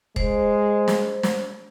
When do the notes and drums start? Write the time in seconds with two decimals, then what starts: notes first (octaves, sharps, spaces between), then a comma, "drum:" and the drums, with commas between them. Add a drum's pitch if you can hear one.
0.16 G#3 C5, drum: kick
0.88 drum: snare
1.23 drum: snare